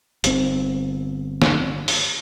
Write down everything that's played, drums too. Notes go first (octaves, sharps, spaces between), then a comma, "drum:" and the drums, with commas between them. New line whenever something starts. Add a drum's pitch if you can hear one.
G1 C4, drum: hi-hat
drum: snare
drum: open hi-hat